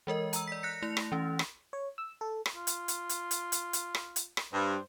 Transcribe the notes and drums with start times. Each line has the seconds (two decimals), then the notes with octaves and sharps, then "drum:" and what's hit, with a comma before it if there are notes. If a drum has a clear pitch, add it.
0.07 E3 G#3 A#4 D#5
0.33 A#5 E6, drum: hi-hat
0.48 D5 B6
0.63 F#6 A#6 C#7
0.82 A3 E4 A#6 F7
0.97 drum: rim click
1.12 E3 C#4
1.39 drum: rim click
1.73 C#5
1.98 E6
2.21 A4
2.46 drum: rim click
2.55 F4
2.67 drum: hi-hat
2.88 drum: hi-hat
3.09 drum: hi-hat
3.31 drum: hi-hat
3.52 drum: hi-hat
3.73 drum: hi-hat
3.95 drum: rim click
4.16 drum: hi-hat
4.37 drum: rim click
4.53 G2 C5